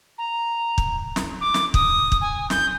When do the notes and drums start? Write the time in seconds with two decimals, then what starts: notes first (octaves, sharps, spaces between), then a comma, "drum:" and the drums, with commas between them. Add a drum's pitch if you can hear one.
0.18 A#5
0.78 drum: kick
1.16 drum: snare
1.41 D6
1.54 drum: snare
1.74 D#6, drum: kick
2.12 drum: kick
2.21 G#5
2.50 G6, drum: snare